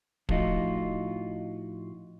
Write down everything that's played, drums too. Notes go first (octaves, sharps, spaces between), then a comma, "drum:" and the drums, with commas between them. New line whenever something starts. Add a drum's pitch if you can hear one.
A2 F3 D#4 F4 F#4 D#5, drum: kick